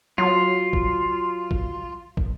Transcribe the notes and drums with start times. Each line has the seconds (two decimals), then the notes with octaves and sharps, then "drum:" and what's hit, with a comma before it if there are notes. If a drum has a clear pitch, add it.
0.18 F#3 F4
0.73 drum: kick
1.51 drum: kick
2.17 drum: kick